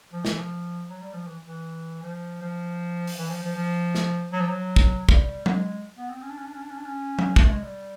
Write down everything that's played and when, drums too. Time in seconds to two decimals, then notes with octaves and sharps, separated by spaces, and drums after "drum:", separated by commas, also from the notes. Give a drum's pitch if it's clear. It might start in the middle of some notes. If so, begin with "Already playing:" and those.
0.13 F3
0.25 E3, drum: snare
0.38 F3
0.89 F#3
1.01 G3
1.14 F3
1.27 E3
1.46 E3
2.03 F3
2.42 F3
3.07 drum: open hi-hat
3.18 E3
3.30 F3
3.43 F3
3.55 F3
3.95 drum: snare
4.32 F#3
4.40 F3
4.49 F#3
4.76 drum: kick
5.09 G3, drum: kick
5.46 G#3, drum: tom F#3
5.97 B3
6.10 C4
6.22 C#4
6.30 D4
6.38 C#4
6.45 D4
6.54 C#4
6.62 D4
6.70 C#4
6.78 D4
6.86 C#4
7.19 drum: tom F#3
7.36 D4, drum: kick
7.44 A3
7.49 G#3
7.62 G3